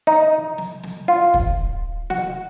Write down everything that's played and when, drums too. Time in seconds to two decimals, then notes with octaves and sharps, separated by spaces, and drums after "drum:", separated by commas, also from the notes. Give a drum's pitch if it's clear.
0.07 D#4
0.58 drum: snare
0.83 drum: snare
1.08 F4
1.34 drum: kick
2.10 F#4, drum: snare